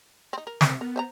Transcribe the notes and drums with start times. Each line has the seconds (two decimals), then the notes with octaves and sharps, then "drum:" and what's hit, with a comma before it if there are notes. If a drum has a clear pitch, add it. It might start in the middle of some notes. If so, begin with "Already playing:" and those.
0.33 C4 D#4
0.47 A#4
0.61 C3, drum: snare
0.81 B3 A#4
0.96 C5 E5 A#5